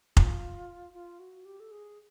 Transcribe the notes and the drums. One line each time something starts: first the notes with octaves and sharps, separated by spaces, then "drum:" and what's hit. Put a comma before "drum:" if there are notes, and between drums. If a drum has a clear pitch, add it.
F4, drum: kick F1
F4
F#4
G4
A4
G#4